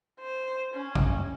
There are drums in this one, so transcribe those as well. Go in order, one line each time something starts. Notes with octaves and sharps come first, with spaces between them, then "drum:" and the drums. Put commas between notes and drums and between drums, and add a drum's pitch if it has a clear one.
C5
C#4
drum: kick